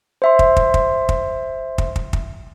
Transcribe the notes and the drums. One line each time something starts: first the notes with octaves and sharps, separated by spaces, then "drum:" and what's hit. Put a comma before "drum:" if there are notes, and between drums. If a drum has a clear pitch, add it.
C5 E5 C6
drum: kick
drum: kick
drum: kick
drum: kick
drum: kick
drum: kick
drum: kick